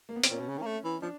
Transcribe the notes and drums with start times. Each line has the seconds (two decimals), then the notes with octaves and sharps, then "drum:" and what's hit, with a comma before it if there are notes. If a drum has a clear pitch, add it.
0.09 A#3
0.16 B3
0.24 C4, drum: hi-hat
0.30 A#2 C#4
0.40 B2
0.48 C#3
0.58 D#3
0.62 A#3
0.66 A3
0.84 E3
1.02 F3 D4